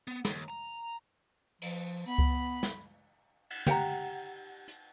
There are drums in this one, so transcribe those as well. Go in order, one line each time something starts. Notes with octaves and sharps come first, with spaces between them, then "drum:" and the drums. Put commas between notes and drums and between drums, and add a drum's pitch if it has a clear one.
B3
D#2, drum: snare
A#5
F3, drum: cymbal
B3 B5
drum: kick C#2
drum: snare
drum: cymbal
G4 F#5 G5 A#5, drum: tom
drum: hi-hat